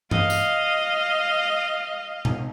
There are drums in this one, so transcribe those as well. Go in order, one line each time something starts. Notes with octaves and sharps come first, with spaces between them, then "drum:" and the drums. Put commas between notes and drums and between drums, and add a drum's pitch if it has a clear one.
D#5 F5, drum: tom G2
drum: tambourine
drum: tom B2